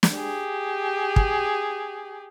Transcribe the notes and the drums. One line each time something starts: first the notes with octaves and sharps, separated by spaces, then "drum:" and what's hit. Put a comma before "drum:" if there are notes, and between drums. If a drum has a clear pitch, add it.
drum: snare
G4 G#4
drum: kick